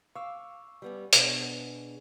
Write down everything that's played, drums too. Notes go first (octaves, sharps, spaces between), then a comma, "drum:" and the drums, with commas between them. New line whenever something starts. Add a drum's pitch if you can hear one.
F5 C#6 D6 E6
G3 B3 C#4
B2 B3 D4 G#4 C#5, drum: hi-hat